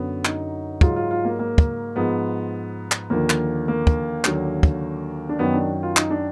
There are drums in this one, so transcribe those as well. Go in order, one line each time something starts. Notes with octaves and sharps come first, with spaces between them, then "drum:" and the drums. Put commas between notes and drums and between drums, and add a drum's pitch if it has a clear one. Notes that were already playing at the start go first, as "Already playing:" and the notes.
Already playing: F#2 D3 F#3 B3
D#4, drum: clap
G#2 F#3 F4, drum: kick
F4
F4
A#3
A#3
drum: kick
G#2 F3 B3
drum: clap
D#2 D3 F3 A#3
drum: clap
A#3
drum: kick
D#2 D3 F#3, drum: clap
drum: kick
D4
F#2 D#3 F#3 B3
D4
F4
D#4, drum: clap
D4